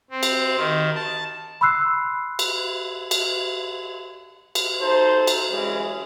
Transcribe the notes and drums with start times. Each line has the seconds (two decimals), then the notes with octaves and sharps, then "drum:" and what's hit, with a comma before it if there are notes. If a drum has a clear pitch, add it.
0.10 C4
0.23 drum: cymbal
0.57 D#3
0.95 A5
1.61 B5 C6 E6 F#6 C7
2.39 drum: cymbal
3.11 drum: cymbal
4.55 drum: cymbal
4.81 D#4 A4 C5
5.27 drum: cymbal
5.50 C2 F#2 E3 G#3 C#4